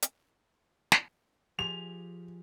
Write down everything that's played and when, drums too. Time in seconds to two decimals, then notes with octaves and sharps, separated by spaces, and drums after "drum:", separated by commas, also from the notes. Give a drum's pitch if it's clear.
0.02 drum: hi-hat
0.92 drum: snare
1.59 F3 G4 G#4 F7